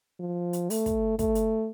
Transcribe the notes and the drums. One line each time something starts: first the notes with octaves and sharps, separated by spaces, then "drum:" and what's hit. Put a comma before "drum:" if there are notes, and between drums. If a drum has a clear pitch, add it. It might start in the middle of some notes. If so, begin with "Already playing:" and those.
F3
drum: hi-hat
A3, drum: open hi-hat
drum: kick, hi-hat
A3, drum: kick, hi-hat
drum: hi-hat